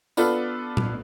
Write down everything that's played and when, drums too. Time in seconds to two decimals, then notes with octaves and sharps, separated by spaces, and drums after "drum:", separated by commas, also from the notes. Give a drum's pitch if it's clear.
0.17 B3 D4 F4 A4 B4, drum: tambourine
0.77 drum: tom A#2